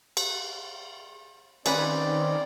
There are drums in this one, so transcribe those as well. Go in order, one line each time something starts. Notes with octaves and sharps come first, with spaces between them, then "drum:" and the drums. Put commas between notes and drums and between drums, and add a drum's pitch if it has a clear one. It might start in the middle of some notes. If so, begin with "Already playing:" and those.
drum: cymbal
D#3 C4 C#4 B4 D5, drum: cymbal